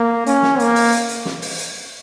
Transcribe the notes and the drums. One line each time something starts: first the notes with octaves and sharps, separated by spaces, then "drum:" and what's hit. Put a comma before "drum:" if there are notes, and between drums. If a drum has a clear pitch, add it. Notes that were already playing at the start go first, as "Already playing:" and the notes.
Already playing: A#3
C#4, drum: hi-hat
drum: snare
A#3, drum: hi-hat
drum: open hi-hat
drum: hi-hat
drum: hi-hat
drum: snare
drum: open hi-hat
drum: hi-hat